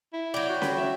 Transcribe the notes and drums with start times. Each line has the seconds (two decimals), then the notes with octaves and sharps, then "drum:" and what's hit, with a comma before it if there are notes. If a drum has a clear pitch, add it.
0.13 E4
0.34 F#3 D5 G5
0.49 F#4
0.62 B5, drum: snare C#4
0.77 E5